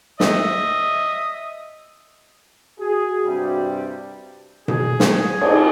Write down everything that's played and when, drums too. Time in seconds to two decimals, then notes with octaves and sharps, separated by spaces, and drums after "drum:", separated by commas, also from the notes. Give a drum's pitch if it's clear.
0.20 D#5 E5 D#6, drum: snare
2.80 F#4 G#4
3.26 G2 C3 G3
4.68 G#4, drum: tom B2
5.00 drum: snare
5.17 G#4
5.41 drum: cymbal